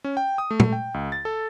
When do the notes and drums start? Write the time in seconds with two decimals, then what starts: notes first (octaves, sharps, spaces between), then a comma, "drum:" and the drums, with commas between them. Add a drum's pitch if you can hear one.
0.04 C#4
0.17 G5
0.38 D#6
0.51 A3
0.60 drum: tom A#2
0.72 G5
0.94 C#2
1.12 A6
1.25 A4